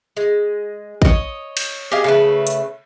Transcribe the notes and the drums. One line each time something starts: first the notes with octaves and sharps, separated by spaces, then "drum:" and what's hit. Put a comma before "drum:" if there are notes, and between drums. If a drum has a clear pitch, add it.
G#3
C#5 D#5, drum: kick
drum: cymbal
G4 G#4 D#5 F5
C#3 A3 B4
drum: hi-hat